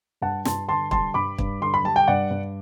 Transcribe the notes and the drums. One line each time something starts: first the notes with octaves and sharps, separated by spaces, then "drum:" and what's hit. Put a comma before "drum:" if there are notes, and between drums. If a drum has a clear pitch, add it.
G2 F#5 A5
G2 A5 C6, drum: snare
D3 A5 C6
G3 A5 C6, drum: kick
G2 B5 D6
G2, drum: kick
D3 C6
B5
G3 A5
G5
G2 D5 F#5
G2